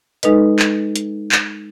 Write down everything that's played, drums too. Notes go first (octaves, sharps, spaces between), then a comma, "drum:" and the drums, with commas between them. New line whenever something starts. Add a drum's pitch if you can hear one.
G#3 D#4 A4 B4 D#5, drum: hi-hat
drum: clap
drum: hi-hat
drum: clap